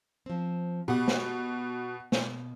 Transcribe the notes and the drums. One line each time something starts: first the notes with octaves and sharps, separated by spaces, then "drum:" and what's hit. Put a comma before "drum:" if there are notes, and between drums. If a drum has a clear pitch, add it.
F3 C4
B2 G4 F#5
drum: snare
B2, drum: snare